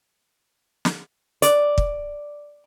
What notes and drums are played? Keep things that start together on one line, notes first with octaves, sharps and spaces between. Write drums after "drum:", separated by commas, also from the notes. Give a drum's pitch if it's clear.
drum: snare
D5, drum: hi-hat
drum: kick